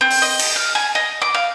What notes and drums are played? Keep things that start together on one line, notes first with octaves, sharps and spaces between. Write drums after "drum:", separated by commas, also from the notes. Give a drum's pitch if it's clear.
C4
drum: open hi-hat
D#5
drum: cymbal
F6
G#5
D#5
D6
F5